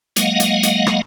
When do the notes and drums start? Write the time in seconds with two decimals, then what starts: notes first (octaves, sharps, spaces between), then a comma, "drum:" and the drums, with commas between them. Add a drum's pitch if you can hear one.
0.16 F#3 G#3 A#3 D#5 F5 F#5, drum: hi-hat
0.40 drum: hi-hat
0.63 drum: hi-hat
0.87 drum: rim click